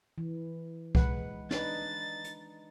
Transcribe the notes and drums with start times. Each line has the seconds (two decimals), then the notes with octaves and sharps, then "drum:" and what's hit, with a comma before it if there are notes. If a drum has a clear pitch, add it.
0.18 E3
0.95 G#3 B4 F#5, drum: kick C2
1.51 D4 D#4 B4 A6, drum: snare
2.24 drum: hi-hat